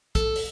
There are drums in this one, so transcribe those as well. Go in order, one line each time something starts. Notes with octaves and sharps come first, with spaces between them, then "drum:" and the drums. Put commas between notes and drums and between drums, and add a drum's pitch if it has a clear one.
A4, drum: kick, hi-hat
drum: open hi-hat